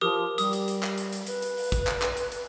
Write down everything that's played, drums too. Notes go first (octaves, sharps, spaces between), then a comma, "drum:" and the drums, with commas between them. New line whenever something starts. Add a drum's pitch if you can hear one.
F3 G4 A#4 D#6
G3 D#6, drum: hi-hat
drum: hi-hat
drum: hi-hat
drum: clap
drum: hi-hat
drum: hi-hat
B4, drum: hi-hat
drum: hi-hat
drum: open hi-hat
drum: kick, hi-hat
drum: clap
drum: clap
drum: hi-hat
drum: hi-hat